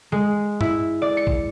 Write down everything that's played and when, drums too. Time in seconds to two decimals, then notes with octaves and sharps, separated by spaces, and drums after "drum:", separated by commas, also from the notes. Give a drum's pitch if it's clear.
0.12 G#3
0.61 E4, drum: tom G2
1.02 D5
1.17 C#7
1.27 drum: kick A#1